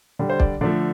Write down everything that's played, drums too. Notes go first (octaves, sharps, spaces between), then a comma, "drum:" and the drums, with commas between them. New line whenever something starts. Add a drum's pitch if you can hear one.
D3 G3
C5
D5, drum: kick
D3 F3 A3 D5